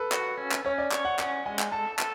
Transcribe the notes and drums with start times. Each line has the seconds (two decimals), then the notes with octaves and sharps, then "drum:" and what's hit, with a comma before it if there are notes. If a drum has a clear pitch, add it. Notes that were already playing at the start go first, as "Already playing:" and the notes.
Already playing: A4 B4
0.12 F#4, drum: clap
0.38 C#4
0.52 drum: clap
0.65 C#4 C#5
0.78 D5
0.92 C#5, drum: clap
1.05 F#5
1.19 C#4 F#5, drum: clap
1.46 G#3 G#5
1.59 drum: clap
1.72 A4 A5
1.99 A4, drum: clap